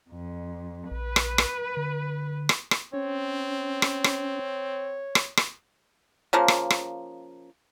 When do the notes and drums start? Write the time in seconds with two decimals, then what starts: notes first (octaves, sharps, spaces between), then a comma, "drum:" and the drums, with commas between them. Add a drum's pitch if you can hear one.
0.10 F2
0.91 A#1 B4
1.16 drum: rim click
1.38 drum: rim click
1.77 D3
2.49 drum: rim click
2.71 drum: rim click
2.93 C4 C#4 C#5
3.82 drum: rim click
4.04 drum: rim click
5.15 drum: rim click
5.37 drum: rim click
6.33 C#3 F3 A#3
6.48 drum: rim click
6.70 drum: rim click